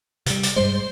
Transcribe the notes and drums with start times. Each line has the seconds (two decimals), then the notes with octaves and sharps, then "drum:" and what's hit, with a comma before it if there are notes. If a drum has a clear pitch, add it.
0.26 C3 G3, drum: hi-hat
0.43 drum: hi-hat
0.56 G2 G3 G#3 C5